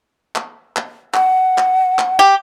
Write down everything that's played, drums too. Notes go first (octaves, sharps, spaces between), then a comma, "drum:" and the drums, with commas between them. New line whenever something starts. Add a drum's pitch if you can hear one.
drum: clap
drum: clap
F#5, drum: clap
drum: clap
drum: clap
G4